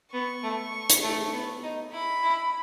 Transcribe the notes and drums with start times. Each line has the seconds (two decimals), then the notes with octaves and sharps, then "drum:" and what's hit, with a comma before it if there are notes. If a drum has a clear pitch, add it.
0.13 B3 C#6
0.43 A3
0.90 drum: hi-hat
1.03 A3
1.33 B3
1.63 D#4
1.93 E4 B5
2.23 E4